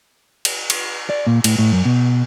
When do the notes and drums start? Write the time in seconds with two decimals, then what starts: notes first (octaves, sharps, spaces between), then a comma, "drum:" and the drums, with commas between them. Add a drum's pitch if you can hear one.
0.45 drum: cymbal
0.70 drum: cymbal
1.10 D5
1.27 A#2
1.44 A2, drum: cymbal
1.59 A2
1.72 F#2
1.85 B2